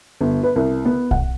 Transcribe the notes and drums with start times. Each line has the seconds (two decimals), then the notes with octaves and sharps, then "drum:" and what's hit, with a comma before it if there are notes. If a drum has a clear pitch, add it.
0.21 G1
0.43 B4
0.56 C2
0.85 B3
1.11 F#5, drum: kick